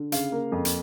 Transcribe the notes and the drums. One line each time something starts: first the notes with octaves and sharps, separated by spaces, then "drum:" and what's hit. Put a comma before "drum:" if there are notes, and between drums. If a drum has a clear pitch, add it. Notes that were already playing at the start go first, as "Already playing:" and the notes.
Already playing: D3
C#3 F5, drum: hi-hat
A#3
F2
drum: hi-hat